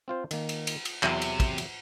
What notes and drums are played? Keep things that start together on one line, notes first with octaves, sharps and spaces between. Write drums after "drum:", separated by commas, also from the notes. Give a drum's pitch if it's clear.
C4 F4 C5
D#3 A#3, drum: cymbal
drum: cymbal
drum: cymbal
drum: cymbal
E2 C3 F#3 E4, drum: clap
drum: cymbal
drum: kick, cymbal
drum: cymbal